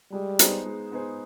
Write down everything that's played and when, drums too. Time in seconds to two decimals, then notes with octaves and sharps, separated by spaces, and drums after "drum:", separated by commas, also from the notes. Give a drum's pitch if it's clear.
0.12 G3 G#3
0.39 B3 D#4 G#4 C5, drum: hi-hat
0.66 G#3
0.92 B3 D#4 G#4 C5